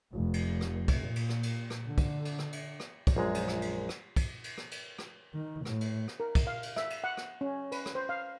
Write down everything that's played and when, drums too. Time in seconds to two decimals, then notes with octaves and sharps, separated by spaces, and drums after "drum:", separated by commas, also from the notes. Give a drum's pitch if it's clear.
0.14 F1
0.34 drum: cymbal
0.61 drum: rim click
0.88 drum: kick, cymbal
1.06 A#2
1.16 drum: cymbal
1.29 drum: rim click
1.43 drum: cymbal
1.70 drum: rim click
1.84 D3
1.98 drum: kick, cymbal
2.25 drum: cymbal
2.39 drum: rim click
2.52 drum: cymbal
2.80 drum: rim click
3.07 drum: kick, cymbal
3.16 A#1 F#2 G#3
3.34 drum: cymbal
3.48 drum: rim click
3.62 drum: cymbal
3.89 drum: rim click
4.16 drum: kick, cymbal
4.44 drum: cymbal
4.57 drum: rim click
4.71 drum: cymbal
4.99 drum: rim click
5.35 D#3
5.65 A2, drum: rim click
5.81 drum: cymbal
6.08 drum: rim click
6.20 A#4
6.35 drum: kick, cymbal
6.47 F5
6.63 drum: cymbal
6.76 E5, drum: rim click
6.90 drum: cymbal
7.04 F#5
7.17 drum: rim click
7.41 C#4
7.72 B4, drum: cymbal
7.86 drum: rim click
7.95 C5
8.09 F5